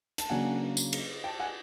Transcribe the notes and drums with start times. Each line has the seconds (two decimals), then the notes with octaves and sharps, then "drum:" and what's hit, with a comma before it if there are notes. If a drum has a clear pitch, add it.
0.18 A5, drum: hi-hat
0.30 C#3 F#3 A#3 D4 F#5 G#5
0.77 drum: tambourine
0.93 drum: cymbal
1.24 G5 A5
1.40 F#5 G#5